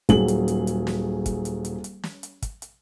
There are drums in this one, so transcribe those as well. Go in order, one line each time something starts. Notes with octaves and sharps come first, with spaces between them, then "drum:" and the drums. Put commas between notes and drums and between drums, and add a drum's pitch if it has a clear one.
D#1 F#3 G#4 F#7, drum: kick, hi-hat
drum: hi-hat
drum: hi-hat
drum: hi-hat
drum: snare
drum: kick, hi-hat
drum: hi-hat
drum: hi-hat
drum: hi-hat
drum: snare
drum: hi-hat
drum: kick, hi-hat
drum: hi-hat